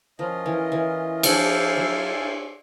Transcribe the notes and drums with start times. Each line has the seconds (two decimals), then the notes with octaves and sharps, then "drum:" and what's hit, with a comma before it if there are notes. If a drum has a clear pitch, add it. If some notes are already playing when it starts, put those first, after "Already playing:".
0.19 F3 C#4 F4 A#4 D#5
0.46 E3
0.72 E3
1.23 F3 E4 A4 C5 F5 G#5, drum: cymbal
1.77 F#3